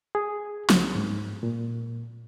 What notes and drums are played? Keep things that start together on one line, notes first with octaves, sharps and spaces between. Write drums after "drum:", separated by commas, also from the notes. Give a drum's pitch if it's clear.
G#4
C#2, drum: snare
G#2
A#2